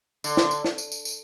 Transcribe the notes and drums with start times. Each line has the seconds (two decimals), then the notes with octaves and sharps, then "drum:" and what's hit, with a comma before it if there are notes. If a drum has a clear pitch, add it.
0.24 D3, drum: tambourine
0.37 drum: snare
0.51 drum: tambourine
0.64 drum: snare
0.78 drum: tambourine
0.92 drum: tambourine
1.05 drum: tambourine